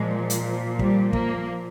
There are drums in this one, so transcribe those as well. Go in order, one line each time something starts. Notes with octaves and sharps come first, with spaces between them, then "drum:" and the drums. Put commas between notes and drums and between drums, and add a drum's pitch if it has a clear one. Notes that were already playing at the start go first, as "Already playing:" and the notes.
Already playing: A#2 F3 G#3
drum: hi-hat
G3, drum: kick
A#3, drum: kick